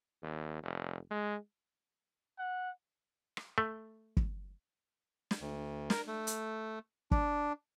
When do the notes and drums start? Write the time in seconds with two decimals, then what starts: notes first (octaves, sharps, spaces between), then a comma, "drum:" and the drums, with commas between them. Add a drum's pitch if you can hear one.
0.22 D#2
0.63 F1
1.11 G#3
2.39 F#5
3.37 drum: rim click
3.58 A3
4.17 drum: kick
5.31 drum: snare
5.41 D2
5.90 A#4, drum: snare
6.07 A3
6.27 drum: hi-hat
7.11 D4, drum: kick